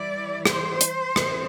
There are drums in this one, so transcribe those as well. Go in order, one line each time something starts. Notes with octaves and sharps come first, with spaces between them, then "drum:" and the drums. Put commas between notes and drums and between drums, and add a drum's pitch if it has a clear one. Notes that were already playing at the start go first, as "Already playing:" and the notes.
Already playing: E3 G3 E4 D5
C5, drum: rim click
drum: hi-hat
E3 C4, drum: rim click